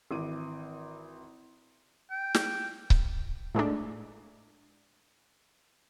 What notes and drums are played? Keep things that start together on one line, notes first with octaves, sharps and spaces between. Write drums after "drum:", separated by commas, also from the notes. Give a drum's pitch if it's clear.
G#1 E3 D6 D#7
G5
drum: snare
drum: kick C#1
A2 G#3 A3 D4